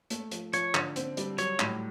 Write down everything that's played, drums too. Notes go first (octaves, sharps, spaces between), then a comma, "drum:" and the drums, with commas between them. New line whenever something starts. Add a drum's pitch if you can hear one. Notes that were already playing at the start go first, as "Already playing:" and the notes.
A3, drum: hi-hat
F3, drum: hi-hat
F3 C#5, drum: hi-hat
D3, drum: clap
C4, drum: hi-hat
G3, drum: hi-hat
F#3 C#5, drum: hi-hat
A2, drum: clap